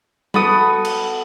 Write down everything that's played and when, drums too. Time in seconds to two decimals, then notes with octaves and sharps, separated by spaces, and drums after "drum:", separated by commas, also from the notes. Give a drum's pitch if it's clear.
0.34 B3 F#4 A4 B5 D#6, drum: tom G3
0.85 drum: cymbal